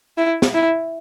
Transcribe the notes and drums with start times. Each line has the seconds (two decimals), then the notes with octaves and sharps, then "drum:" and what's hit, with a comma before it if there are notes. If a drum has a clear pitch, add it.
0.17 E4
0.42 drum: snare
0.54 E4